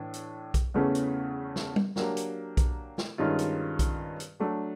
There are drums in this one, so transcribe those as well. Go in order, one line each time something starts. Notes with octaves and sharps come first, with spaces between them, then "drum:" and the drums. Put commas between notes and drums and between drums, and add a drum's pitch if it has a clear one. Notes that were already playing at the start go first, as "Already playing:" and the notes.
Already playing: A2 E3 D4
drum: hi-hat
drum: kick B1, hi-hat
E2 C#3 E3 A3 C#4
drum: hi-hat
drum: snare
drum: tom G3
F#3 A#3 D4 G4, drum: snare
drum: hi-hat
drum: kick B1, hi-hat
drum: snare
G2 D#3 G#3 C#4 F4
drum: hi-hat
drum: kick B1, hi-hat
drum: hi-hat
F#3 A3 D4